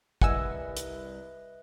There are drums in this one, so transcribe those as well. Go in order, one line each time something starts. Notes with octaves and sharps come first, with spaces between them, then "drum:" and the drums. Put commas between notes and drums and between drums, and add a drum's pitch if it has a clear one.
C2 B4 D#5 E5 F#5 G#5 E6, drum: kick
drum: hi-hat